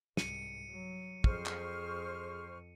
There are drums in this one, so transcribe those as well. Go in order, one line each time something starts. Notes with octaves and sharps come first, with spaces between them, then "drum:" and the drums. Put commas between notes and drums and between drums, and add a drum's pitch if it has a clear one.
C2 G#2 C#7 D#7, drum: snare
F#3
F2 G#4 C5 C#6 F6, drum: kick
drum: clap